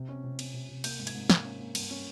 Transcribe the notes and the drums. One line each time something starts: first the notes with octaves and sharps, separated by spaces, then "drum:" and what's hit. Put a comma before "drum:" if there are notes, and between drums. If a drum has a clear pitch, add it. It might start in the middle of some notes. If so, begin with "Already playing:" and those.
Already playing: C3
C#4
C3
C#4, drum: cymbal
C3
C3
A#3 G6, drum: cymbal
G#2
G#6, drum: cymbal
G#2
A#3 G#6, drum: snare
C#4
A#3
G2, drum: cymbal
C#4